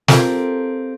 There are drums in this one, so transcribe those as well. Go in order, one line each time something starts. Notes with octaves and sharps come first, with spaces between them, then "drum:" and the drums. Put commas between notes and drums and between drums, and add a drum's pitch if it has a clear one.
C4 F4 G4 A4 A#4, drum: snare